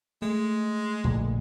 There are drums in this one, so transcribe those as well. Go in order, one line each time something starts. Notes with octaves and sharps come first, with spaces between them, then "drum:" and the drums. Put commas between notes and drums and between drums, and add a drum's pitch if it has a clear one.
G#3 A3
A#1 A#2 D3, drum: kick F1